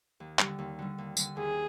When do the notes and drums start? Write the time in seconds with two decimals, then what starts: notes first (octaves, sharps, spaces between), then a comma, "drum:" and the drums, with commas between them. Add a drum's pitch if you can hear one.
0.20 D#2
0.39 D3 G3, drum: clap
0.59 D#2
0.79 D3 G3
0.98 D#2
1.17 D3 G3, drum: tambourine
1.37 D#2 G#4